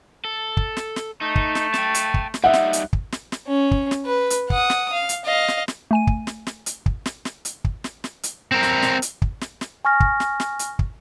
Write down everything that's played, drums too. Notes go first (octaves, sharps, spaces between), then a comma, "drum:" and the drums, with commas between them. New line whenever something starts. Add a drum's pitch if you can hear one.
A4
drum: kick
drum: snare
drum: snare
A3 D#4
drum: kick
drum: snare
G5 A5, drum: snare
drum: hi-hat
drum: kick
drum: snare
G3 D#4 E5 F#5
drum: snare
drum: hi-hat
drum: kick
drum: snare
drum: snare
C#4
drum: kick
drum: snare
B4
drum: hi-hat
F#5 D#6, drum: kick
drum: snare
F5
drum: hi-hat
D#5 F5
drum: snare
drum: snare
A3 G#5 D#7
drum: kick
drum: snare
drum: snare
drum: hi-hat
drum: kick
drum: snare
drum: snare
drum: hi-hat
drum: kick
drum: snare
drum: snare
drum: hi-hat
C4 A#4
drum: snare
drum: snare
drum: hi-hat
drum: kick
drum: snare
drum: snare
G#5 C#6 F6 A#6
drum: kick
drum: snare
drum: snare
drum: hi-hat
drum: kick